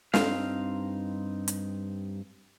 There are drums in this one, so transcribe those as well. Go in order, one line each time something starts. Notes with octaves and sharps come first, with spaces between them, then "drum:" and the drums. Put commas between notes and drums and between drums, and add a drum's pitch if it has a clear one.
G2 C4 D#4 F5, drum: snare
drum: hi-hat